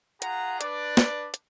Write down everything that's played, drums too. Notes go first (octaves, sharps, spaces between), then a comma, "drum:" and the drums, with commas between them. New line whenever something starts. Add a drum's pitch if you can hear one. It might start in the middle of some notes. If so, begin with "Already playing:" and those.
F4 G#4 F#5 A#5, drum: hi-hat
D4 B4 D5, drum: hi-hat
drum: snare
drum: hi-hat